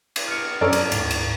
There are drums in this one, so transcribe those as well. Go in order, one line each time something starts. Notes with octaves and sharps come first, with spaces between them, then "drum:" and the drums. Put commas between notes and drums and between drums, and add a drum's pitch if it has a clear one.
drum: cymbal
F6 C#7
F#2 C#4 A4 D5 A#5 F6
drum: cymbal
D2 G#2, drum: cymbal
drum: cymbal